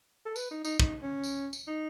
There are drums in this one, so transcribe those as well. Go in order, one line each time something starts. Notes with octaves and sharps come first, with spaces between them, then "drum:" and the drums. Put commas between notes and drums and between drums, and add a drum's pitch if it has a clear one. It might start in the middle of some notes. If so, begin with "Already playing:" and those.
A4
B4, drum: tambourine
D#4
D#4, drum: tambourine
D#4, drum: kick
C#4
drum: tambourine
drum: tambourine
D#4